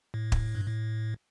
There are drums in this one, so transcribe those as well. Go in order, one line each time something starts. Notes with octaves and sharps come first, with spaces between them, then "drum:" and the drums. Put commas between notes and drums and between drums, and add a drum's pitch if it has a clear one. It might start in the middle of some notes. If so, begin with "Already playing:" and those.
A2
drum: kick
G2
A2